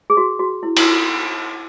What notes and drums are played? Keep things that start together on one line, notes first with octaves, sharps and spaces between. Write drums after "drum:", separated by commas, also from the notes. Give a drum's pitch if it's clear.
G#4
F#4
F#4
E4
E4, drum: cymbal